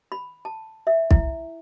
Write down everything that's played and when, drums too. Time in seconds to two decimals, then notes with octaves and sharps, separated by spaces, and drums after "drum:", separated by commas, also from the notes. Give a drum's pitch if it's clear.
0.12 B5
0.45 A5
0.87 E5
1.11 E4, drum: kick